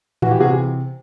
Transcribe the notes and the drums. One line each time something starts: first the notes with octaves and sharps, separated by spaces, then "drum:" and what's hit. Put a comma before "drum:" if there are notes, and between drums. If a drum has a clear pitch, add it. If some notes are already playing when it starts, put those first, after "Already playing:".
E3 F#4, drum: tom A2
G4
C3 F#4 G#4